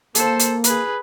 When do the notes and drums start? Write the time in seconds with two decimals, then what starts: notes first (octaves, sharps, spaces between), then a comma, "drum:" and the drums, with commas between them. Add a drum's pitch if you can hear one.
0.15 A#3 A4 C5, drum: hi-hat
0.39 drum: hi-hat
0.64 G#4 B4, drum: hi-hat